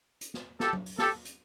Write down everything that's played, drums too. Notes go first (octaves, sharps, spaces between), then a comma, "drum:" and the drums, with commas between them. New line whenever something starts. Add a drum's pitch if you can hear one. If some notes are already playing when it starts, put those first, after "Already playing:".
drum: hi-hat
drum: snare
G4 A4, drum: snare
drum: tom F#3
drum: open hi-hat
G4 A4, drum: snare
drum: hi-hat